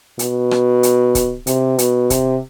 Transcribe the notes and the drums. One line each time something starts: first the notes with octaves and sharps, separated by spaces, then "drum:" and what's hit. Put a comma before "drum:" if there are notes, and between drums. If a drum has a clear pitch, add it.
B2, drum: hi-hat
drum: rim click
drum: hi-hat
drum: kick, hi-hat
C3, drum: hi-hat
B2, drum: hi-hat
C3, drum: kick, hi-hat